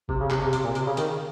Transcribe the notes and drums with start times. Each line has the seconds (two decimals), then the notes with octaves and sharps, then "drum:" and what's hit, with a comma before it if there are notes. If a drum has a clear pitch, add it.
0.09 C3, drum: kick G1
0.20 C#3
0.31 C3, drum: clap
0.42 C3
0.53 C3, drum: hi-hat
0.64 A#2
0.75 C3, drum: hi-hat
0.86 C#3
0.97 D#3, drum: hi-hat